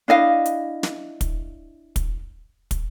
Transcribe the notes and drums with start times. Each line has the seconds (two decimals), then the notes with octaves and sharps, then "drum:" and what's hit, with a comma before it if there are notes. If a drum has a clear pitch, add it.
0.08 D4 E4 D#5 F5
0.46 drum: hi-hat
0.83 drum: snare
1.21 drum: kick, hi-hat
1.96 drum: kick, hi-hat
2.71 drum: kick, hi-hat